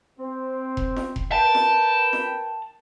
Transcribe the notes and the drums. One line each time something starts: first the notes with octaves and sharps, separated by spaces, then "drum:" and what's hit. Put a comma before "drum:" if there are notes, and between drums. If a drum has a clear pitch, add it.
C4
drum: kick F1
drum: snare F4
drum: kick F1
A#4 B4 G5 A5
drum: snare F4
drum: snare F4